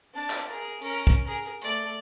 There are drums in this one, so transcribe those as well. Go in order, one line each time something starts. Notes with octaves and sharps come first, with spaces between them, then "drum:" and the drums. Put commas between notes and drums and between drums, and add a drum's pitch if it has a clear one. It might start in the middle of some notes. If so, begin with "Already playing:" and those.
D4 A5
drum: clap
G#4 A#4
C#4 A#4, drum: tambourine
drum: kick
G#4 A#4
A3 D5, drum: hi-hat